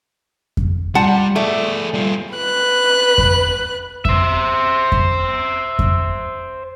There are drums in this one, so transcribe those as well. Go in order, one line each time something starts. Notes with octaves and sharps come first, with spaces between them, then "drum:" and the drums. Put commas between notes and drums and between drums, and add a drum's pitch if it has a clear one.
drum: kick F2
G3 F4 F#5 A5
A3 G#4 D5
G3 F4
B4 F#6
drum: kick F2
C5 E5, drum: kick F2
drum: kick F2
drum: kick F2